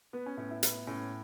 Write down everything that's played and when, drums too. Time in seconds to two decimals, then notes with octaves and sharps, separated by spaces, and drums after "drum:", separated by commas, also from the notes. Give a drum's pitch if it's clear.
0.13 B3 B4
0.26 C#4
0.37 A2 C#4
0.51 E4
0.63 B3 E4, drum: hi-hat
0.87 A2 C#4